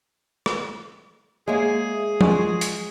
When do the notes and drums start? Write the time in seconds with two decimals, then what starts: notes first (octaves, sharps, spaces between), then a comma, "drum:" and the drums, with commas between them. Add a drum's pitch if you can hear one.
0.46 drum: rim click
1.48 G#3 A#3 G#4 C#5 E5
2.21 G#3 F4 F#4, drum: tom F3
2.61 drum: hi-hat